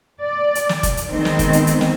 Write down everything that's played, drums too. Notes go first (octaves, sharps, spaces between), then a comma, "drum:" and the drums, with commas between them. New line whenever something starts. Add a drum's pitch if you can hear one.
D5
drum: hi-hat
drum: snare
drum: kick F1, hi-hat
drum: hi-hat
D#3 G#3 B3 C4 D#4
drum: snare
drum: kick F1, hi-hat
drum: hi-hat
drum: hi-hat
drum: snare